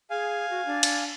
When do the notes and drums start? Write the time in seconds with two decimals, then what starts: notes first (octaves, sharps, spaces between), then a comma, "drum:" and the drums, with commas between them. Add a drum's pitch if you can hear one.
0.10 G#4 F5 G#5
0.50 F#4
0.66 D4
0.83 drum: cymbal